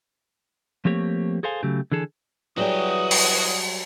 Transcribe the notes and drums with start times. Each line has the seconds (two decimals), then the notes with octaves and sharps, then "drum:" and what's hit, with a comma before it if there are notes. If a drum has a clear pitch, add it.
0.85 F3 A3 A#3 C4 G4 C#5
1.43 G#4 A4 C5 F5 G#5
1.63 C#3 F#3 A3 G4
1.92 D3 E3 G#4 A4
2.57 E3 F#3 G3 F#4 G#4 G5 D#6
3.11 drum: open hi-hat